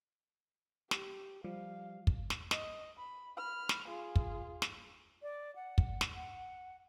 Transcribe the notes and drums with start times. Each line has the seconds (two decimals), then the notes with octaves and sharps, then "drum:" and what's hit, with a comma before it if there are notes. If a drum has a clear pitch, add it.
0.91 G4, drum: snare
1.44 F3 G3 F5
2.07 drum: kick
2.30 drum: snare
2.51 D#5, drum: snare
2.98 B5
3.38 B5 F6
3.69 drum: snare
3.88 F4 G#4
4.16 drum: kick
4.62 drum: snare
5.22 D5
5.56 F#5
5.78 drum: kick
6.01 drum: snare
6.15 F#5